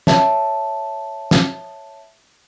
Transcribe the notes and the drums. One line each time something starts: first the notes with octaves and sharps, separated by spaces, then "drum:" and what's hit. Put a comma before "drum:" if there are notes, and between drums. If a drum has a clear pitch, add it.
C#5 E5 A5, drum: snare
drum: snare